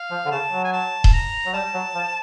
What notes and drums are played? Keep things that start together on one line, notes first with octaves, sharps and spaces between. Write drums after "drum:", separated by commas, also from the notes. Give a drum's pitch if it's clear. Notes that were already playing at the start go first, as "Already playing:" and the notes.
Already playing: F5
F3
D3
C#3 A5
F#3
G#5
A5
drum: kick D#1
A#5
F#3
G3 A5
F#3
F3